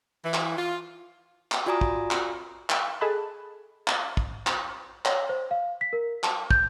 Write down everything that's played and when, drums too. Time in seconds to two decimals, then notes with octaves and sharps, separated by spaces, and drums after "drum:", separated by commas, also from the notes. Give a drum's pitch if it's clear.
0.24 E3
0.34 drum: clap
0.57 F4
1.52 drum: clap
1.66 F4 F#4 D5 G#5 A#5 D#6
1.81 drum: kick
2.11 drum: clap
2.70 drum: clap
3.01 G#4 A4 D#5 A5 B5 F#6
3.88 drum: clap
4.17 drum: kick
4.47 drum: clap
5.05 C#5, drum: clap
5.29 C5
5.51 F5
5.81 B6
5.93 A#4
6.24 A5, drum: clap
6.51 G6, drum: kick